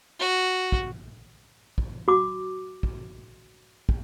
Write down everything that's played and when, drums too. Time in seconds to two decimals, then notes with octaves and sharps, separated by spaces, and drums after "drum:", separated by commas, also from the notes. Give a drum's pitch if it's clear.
0.20 F#4
0.72 drum: kick
1.78 drum: kick
2.08 F#4 D6
2.83 drum: kick
3.89 drum: kick